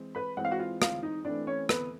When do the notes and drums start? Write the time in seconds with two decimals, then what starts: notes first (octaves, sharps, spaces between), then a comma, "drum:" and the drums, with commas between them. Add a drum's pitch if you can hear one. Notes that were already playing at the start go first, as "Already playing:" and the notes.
Already playing: E3 G#3 C4
0.15 B4 B5
0.37 E3 G#3 C4 F#5
0.45 F5
0.51 F#4 F#5
0.59 F4 F5
0.82 F4 F5, drum: rim click
1.03 D#4 D#5
1.25 E3 A3 C4 D4 D5
1.47 C#4 C#5
1.69 B3 B4, drum: rim click